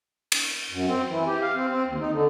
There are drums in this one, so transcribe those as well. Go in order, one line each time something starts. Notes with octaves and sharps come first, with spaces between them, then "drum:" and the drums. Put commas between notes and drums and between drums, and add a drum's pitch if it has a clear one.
drum: cymbal
F#2
C4
E3
G4
F5
C4
C4
D#2
D#4
D3